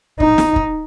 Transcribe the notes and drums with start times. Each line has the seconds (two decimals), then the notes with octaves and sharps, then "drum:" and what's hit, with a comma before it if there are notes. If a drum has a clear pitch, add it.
0.20 D#4, drum: kick
0.38 drum: snare
0.56 drum: kick